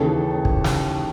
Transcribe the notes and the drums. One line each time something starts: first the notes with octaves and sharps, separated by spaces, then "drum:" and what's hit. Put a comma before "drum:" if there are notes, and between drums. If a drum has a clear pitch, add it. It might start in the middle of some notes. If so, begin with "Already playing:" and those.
Already playing: D#2 C#3 E3 A4
drum: kick
drum: snare